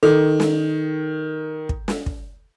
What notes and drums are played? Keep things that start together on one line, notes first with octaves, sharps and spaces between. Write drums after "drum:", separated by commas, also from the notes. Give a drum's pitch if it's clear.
D#3 A4
drum: snare
drum: kick
drum: snare
drum: kick